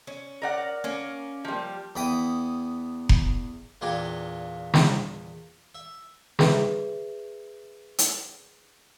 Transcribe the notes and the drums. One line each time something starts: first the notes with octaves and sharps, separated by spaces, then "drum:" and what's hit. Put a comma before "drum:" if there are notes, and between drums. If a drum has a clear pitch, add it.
C#4
A#4 D5 F#5
A#3 C#4
F3 G3
E2 E5 G5 D#6
drum: kick F1
E2 A#2 D4 F4 G5 G#5
drum: snare
E5
G#4 B4 E5, drum: snare
drum: hi-hat